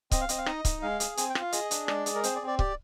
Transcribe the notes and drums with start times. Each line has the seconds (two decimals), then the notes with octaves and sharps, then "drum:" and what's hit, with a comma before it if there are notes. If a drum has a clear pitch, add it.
0.11 C4 D#5, drum: kick C#1, hi-hat
0.21 F5
0.29 C4 D#5, drum: hi-hat
0.38 F5
0.46 D#4 D#5, drum: rim click
0.65 D#4, drum: kick C#1, hi-hat
0.82 G#3 F5
1.00 G#4, drum: hi-hat
1.17 C4 G#5, drum: hi-hat
1.30 G5
1.35 F4, drum: rim click
1.42 F5
1.52 G#4 D#5, drum: hi-hat
1.71 D4, drum: hi-hat
1.88 G#3 D5, drum: rim click
2.06 G#4, drum: hi-hat
2.15 A#4
2.24 C4 C5, drum: hi-hat
2.36 D5
2.42 C4
2.47 D5
2.59 G4 D5, drum: kick C#1